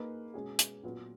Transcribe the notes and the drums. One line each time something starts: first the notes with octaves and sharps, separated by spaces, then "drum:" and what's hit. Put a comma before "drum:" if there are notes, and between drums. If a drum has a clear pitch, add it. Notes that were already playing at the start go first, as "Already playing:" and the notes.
Already playing: A#3 D#4 G#4 B4
B2 G#3 C#4 G#4
drum: hi-hat
A#2 F#3 B3 F4 B4